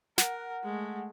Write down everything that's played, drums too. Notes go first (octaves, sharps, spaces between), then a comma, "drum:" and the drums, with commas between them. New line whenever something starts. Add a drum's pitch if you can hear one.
A#4 F#5, drum: snare
G#3 A3